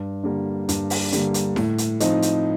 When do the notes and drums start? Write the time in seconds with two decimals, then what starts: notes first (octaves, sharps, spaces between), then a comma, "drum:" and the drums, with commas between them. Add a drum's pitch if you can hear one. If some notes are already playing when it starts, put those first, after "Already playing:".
Already playing: G2
0.24 D3 G3 A#3
0.69 G2, drum: hi-hat
0.90 drum: open hi-hat
1.12 D3 G3 A#3, drum: hi-hat
1.34 drum: hi-hat
1.56 A2, drum: snare E4
1.78 drum: hi-hat
2.00 F3 C4 D#4, drum: hi-hat
2.22 drum: hi-hat